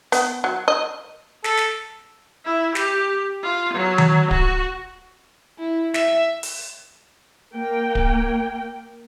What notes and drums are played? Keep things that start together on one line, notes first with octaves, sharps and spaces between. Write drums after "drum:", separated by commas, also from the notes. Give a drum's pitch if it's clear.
B3, drum: hi-hat
F#3
D#5
A4, drum: snare
drum: snare
E4
G4, drum: snare
F4
F#3
drum: tom D#3
F#4, drum: kick D1
E4
E5, drum: snare
drum: open hi-hat
A#3 G5
drum: kick D1